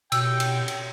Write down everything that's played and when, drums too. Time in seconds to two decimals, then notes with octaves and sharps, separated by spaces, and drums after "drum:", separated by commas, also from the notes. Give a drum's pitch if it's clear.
0.12 B2 G5 E6, drum: cymbal
0.40 drum: cymbal
0.68 drum: cymbal